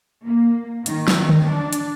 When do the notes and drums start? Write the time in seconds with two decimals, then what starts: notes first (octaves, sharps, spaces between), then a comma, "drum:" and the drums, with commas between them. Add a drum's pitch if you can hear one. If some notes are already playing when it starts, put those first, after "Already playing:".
0.27 A#3
0.86 D#3, drum: hi-hat
1.08 drum: snare
1.29 drum: tom
1.44 D4
1.73 drum: hi-hat